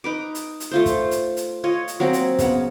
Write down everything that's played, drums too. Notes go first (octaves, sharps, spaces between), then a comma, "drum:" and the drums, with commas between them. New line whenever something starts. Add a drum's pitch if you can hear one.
D#4 B4 D6
drum: hi-hat
drum: hi-hat
A3 F4 C5
drum: kick, hi-hat
drum: hi-hat
drum: hi-hat
F4 C#5 D#5
drum: hi-hat
F#3 A#3 C4
drum: hi-hat
C#3 B3, drum: kick, hi-hat